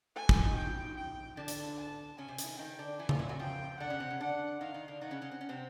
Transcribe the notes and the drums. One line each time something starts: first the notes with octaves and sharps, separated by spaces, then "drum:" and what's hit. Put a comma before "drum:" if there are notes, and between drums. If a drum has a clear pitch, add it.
A3 A4 G#5
A3 A4, drum: kick
D#3 D#4
G5
G5
D3 D4 A5
drum: hi-hat
A5
C#3 C#4 G#5
C3 C4
C#3 C#4, drum: hi-hat
E4
D#3 D#4
D#3 D#4 G5
D3 D4
E3 E4 G#5
F3 F4, drum: tom C#3
E3 E4
F#3 F#4
F3 F4 G5
D3 D4 F#5
C#3 C#4
C3 C4
C#3 C#4
D3 D4 F#5
D#3 D#4 F5
D#3 D#4
D3 D4
D#3 D#4 F#5
C#3 C#4
C#3 C#4
C4
C#4
C3 C4